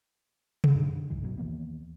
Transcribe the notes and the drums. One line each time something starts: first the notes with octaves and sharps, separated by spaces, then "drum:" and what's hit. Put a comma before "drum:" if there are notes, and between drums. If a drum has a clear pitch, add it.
drum: tom C3
F#2 B2 D#3 D4
D3
F1 C2 G2 E3
A1 B2 F#3
D#2 E3 A#3 B3